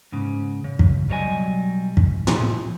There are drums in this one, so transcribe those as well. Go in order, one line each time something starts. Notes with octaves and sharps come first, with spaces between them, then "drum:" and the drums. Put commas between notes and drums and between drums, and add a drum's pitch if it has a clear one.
G#2 C#3
C#3
drum: kick
B1 F#3 G3 C#5 D#5 G#5
drum: kick
F3, drum: tom A2